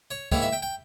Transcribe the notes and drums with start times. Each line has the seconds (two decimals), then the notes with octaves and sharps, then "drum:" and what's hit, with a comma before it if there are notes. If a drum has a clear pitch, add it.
0.11 C#5
0.32 G#2 D#3 A#3 E4 C#5, drum: kick
0.42 E5
0.52 G5
0.62 G5